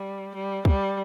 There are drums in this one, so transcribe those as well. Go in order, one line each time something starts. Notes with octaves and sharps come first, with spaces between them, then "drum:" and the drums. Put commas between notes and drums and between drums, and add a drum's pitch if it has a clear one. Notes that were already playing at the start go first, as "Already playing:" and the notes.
Already playing: G3
G3
G3, drum: kick